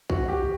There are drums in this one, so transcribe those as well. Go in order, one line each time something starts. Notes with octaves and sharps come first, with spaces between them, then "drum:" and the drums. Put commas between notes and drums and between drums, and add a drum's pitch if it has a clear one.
F#4, drum: kick
G4